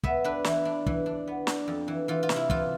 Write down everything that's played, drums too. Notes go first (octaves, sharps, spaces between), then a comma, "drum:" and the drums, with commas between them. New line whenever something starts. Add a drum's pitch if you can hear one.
B3 E5, drum: kick
D4 B4
E3 E4, drum: snare
D4
E3, drum: kick
D4
B3
D4, drum: snare
F2
E3
E3 F4
F4
C3, drum: snare
E4
E3 F4, drum: kick